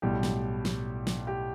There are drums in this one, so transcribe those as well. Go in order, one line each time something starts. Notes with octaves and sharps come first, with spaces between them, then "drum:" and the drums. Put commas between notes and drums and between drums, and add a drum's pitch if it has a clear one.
B1 A2 G3 G4
drum: snare
drum: snare
drum: snare
G4